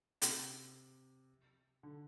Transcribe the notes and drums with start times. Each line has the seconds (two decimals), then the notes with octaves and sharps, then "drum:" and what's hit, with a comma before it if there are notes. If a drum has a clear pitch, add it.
0.22 C3, drum: hi-hat
1.83 D3